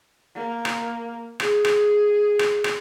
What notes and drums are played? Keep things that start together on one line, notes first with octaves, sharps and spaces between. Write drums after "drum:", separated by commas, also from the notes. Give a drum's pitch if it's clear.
A#3
drum: rim click
G#4, drum: rim click
drum: rim click
drum: rim click
drum: rim click